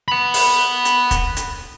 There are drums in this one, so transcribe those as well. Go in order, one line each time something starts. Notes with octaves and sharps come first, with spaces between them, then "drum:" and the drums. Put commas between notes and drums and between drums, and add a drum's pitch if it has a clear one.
F#5 B5
drum: open hi-hat
drum: hi-hat
drum: kick, hi-hat
drum: hi-hat